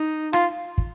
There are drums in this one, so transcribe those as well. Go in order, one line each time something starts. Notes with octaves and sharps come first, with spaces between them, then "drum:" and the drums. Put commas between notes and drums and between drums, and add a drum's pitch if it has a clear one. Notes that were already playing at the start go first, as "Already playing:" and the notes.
Already playing: D#4
F4, drum: rim click
drum: kick